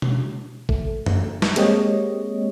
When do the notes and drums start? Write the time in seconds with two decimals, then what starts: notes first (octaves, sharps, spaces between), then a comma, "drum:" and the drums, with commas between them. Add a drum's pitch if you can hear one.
0.02 drum: tom
0.69 A3, drum: kick
1.06 drum: tom
1.42 drum: snare
1.56 G#3 A#3 C4 G4 C#5 D#5, drum: hi-hat